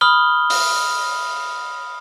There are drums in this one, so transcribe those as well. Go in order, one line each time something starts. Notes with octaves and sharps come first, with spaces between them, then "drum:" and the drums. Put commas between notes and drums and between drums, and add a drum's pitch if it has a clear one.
B5 D#6 F6 G7
drum: open hi-hat